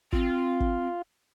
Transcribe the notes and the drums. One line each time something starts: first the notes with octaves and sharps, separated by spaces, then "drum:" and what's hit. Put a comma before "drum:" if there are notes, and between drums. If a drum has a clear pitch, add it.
C4 F4, drum: kick
drum: kick